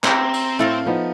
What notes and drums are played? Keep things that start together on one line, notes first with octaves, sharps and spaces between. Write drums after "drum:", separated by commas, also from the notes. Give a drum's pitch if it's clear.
C4 G4 C5 E5 A#5, drum: clap
drum: cymbal
A2 A3 E4 A4 A#4 F5
F3 B3 D#4